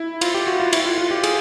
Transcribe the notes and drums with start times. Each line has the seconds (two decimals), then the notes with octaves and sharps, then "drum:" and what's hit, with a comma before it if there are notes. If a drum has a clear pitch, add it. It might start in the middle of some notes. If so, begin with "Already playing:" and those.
Already playing: E4
0.21 F4, drum: cymbal
0.34 G4
0.47 F#4
0.60 F4
0.73 E4, drum: cymbal
0.86 F4
0.98 F4
1.11 G4
1.24 G#4, drum: cymbal